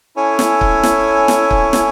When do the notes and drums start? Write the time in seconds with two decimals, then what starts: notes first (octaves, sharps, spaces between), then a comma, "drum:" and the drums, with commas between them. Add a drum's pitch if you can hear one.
0.16 C#4 E4 A4 C#5 G#5
0.39 drum: snare
0.61 drum: kick
0.83 drum: snare
1.28 drum: snare
1.51 drum: kick
1.73 drum: snare